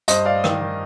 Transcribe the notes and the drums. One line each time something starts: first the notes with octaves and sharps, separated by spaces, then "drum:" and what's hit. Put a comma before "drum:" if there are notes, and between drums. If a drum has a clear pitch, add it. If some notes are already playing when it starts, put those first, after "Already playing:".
G2 C5 D#5, drum: hi-hat
G2 D5 F5
D#3, drum: rim click
D#3